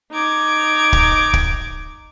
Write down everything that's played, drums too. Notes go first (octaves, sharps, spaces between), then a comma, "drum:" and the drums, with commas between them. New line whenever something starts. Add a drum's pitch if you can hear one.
D#4 D6 G#6
drum: kick D1
drum: kick D1